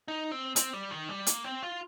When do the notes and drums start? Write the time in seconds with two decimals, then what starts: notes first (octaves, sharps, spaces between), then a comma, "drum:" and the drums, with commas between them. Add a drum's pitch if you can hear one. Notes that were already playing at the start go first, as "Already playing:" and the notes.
0.08 D#4
0.32 C4
0.56 C4, drum: hi-hat
0.73 G3
0.91 D#3
1.09 G3
1.27 A#3, drum: hi-hat
1.44 C4
1.63 F4